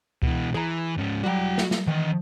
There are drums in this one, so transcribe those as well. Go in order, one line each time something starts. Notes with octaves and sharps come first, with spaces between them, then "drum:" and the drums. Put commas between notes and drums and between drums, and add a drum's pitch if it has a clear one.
B2 E3, drum: kick C#2
E3 G#4 A#5
G#2 C#4
F#3 G3 F#4 G5
drum: snare
drum: snare
D#3 E3 D#5